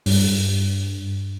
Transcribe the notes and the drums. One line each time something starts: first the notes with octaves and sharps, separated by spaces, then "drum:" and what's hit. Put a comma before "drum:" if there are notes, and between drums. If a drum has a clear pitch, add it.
G2, drum: open hi-hat